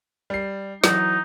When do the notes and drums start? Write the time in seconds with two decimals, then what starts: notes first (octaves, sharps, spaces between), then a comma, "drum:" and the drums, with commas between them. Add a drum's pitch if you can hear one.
0.30 G3 C7
0.84 E3 F#3 D#4, drum: snare